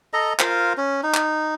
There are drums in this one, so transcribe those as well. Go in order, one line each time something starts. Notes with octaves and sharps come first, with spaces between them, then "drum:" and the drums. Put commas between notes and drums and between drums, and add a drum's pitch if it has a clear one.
A4 D#5 A#5
F4 A#4 C5 F5, drum: clap
C#4
D#4
drum: clap